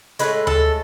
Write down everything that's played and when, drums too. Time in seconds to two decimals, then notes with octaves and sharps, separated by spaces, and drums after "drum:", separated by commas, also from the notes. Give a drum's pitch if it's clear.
0.19 A2 E3 G#3 B4, drum: hi-hat
0.47 A4, drum: tom D2